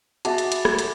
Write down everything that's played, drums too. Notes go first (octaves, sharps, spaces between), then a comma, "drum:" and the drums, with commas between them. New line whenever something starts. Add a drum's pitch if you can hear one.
B3 F#4 G#4 E5 A5 D6 A6, drum: hi-hat
drum: hi-hat
drum: hi-hat
drum: rim click
drum: hi-hat